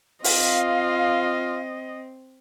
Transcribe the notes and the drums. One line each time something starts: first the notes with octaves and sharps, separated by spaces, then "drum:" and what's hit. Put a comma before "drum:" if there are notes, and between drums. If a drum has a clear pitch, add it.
C4 F4 D#5 F5, drum: open hi-hat